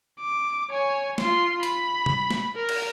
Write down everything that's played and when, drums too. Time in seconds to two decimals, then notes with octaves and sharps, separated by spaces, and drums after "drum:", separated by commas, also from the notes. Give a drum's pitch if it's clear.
0.20 D6
0.71 C#5 G#5
1.18 F4 C6, drum: snare
1.63 B5, drum: hi-hat
2.06 drum: tom B2
2.31 drum: snare
2.56 A#4
2.69 drum: cymbal